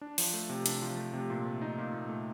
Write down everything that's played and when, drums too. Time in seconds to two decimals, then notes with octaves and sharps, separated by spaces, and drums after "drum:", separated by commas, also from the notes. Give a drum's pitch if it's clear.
0.01 D4
0.18 F3, drum: open hi-hat
0.33 A3
0.49 C3
0.66 D4, drum: hi-hat
0.82 F3
0.97 A3
1.13 C3
1.30 A#2
1.45 A3
1.61 D#4
1.78 A#2
1.94 A#2
2.09 A3